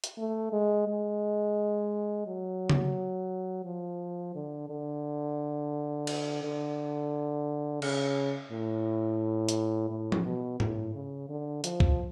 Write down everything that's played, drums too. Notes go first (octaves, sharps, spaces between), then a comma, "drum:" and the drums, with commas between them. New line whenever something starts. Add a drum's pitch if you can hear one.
drum: hi-hat
A3
G#3
G#3
F#3
drum: tom C#3
F3
D3
D3
drum: cymbal
D3
C#3, drum: cymbal
A2
drum: hi-hat
A2
drum: tom F3
B2
A2, drum: tom G#2
C#3
D3
F3, drum: hi-hat
drum: kick